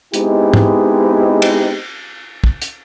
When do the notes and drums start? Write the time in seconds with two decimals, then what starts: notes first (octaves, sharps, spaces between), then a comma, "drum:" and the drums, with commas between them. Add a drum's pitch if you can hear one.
0.14 G#3 B3 C4 D#4 E4 G4, drum: hi-hat
0.54 drum: tom G#2
1.42 drum: cymbal
2.44 drum: kick
2.62 drum: hi-hat